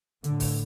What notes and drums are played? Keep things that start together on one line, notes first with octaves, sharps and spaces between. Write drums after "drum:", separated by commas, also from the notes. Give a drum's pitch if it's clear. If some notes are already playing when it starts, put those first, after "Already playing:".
A2 D3, drum: hi-hat
drum: kick, open hi-hat